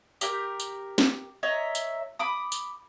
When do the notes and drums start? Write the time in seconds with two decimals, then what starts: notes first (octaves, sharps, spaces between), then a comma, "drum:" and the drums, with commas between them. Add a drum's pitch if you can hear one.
0.21 G4 A#4 G6, drum: tambourine
0.60 drum: tambourine
0.98 drum: snare
1.43 C#5 D#5 E5 A#5
1.75 drum: tambourine
2.19 B5 D6 D#6
2.52 drum: tambourine